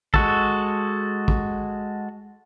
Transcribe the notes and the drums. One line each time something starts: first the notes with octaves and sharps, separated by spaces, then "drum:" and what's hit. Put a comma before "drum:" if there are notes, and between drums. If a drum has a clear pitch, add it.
G#3 F#4 A4, drum: kick
drum: kick